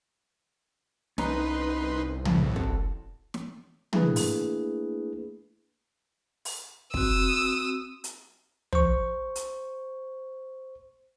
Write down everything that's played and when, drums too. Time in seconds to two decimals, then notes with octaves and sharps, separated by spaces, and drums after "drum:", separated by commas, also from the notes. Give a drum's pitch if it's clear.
1.18 C2 C#4 D#4 B4 A#5 C6, drum: snare
2.25 E2 A2 C#3 F#3, drum: tom
2.56 C4 F#4 A4, drum: kick
3.34 drum: snare
3.93 A3 A#3 D4 E4 G#4 B4, drum: tom
4.16 drum: open hi-hat
6.45 drum: open hi-hat
6.94 C4 F#4 D#6 E6, drum: kick
8.04 drum: hi-hat
8.73 C5 C#6, drum: tom
9.35 drum: hi-hat